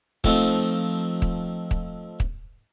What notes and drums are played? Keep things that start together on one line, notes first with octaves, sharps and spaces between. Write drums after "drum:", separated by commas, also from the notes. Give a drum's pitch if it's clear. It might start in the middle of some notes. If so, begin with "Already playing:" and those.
F3 A3 C4 D#4, drum: kick
drum: kick
drum: kick
drum: kick